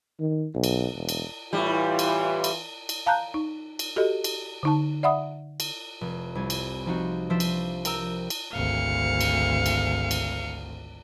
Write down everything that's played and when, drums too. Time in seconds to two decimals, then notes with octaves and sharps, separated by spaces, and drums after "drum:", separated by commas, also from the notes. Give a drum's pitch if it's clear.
0.20 D#3
0.54 B1
0.64 drum: cymbal
0.95 E1
1.09 drum: cymbal
1.53 A2 E3 G3 F4
1.99 drum: cymbal
2.44 drum: cymbal
2.89 drum: cymbal
3.06 F5 A5 A#5 F#6 G6
3.34 D#4
3.79 drum: cymbal
3.96 F#4 G4 A4 D#5
4.24 drum: cymbal
4.63 D3 D#4 A5
5.03 D5 E5 F#5 B5 D#6
5.60 drum: cymbal
6.01 F1
6.35 C2 G#5
6.50 drum: cymbal
6.86 F3 C4 D#4 F#4
7.30 F3 D4 C5 E5
7.40 drum: cymbal
7.85 A#4 G5 A#5 E6, drum: cymbal
8.30 drum: cymbal
8.53 G#1 D2 F5 C#7
9.21 drum: cymbal
9.66 drum: cymbal
10.11 drum: cymbal